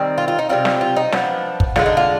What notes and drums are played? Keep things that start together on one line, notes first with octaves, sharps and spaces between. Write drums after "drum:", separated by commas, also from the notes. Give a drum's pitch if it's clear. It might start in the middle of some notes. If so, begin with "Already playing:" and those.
Already playing: D#3 G3 C4
F4
F4
D#4
C3 G3 C4 F4
drum: snare
F4
D#4
F3 B3 D4, drum: snare
drum: kick
D3 G#3 D4 F4, drum: snare
D#4
F4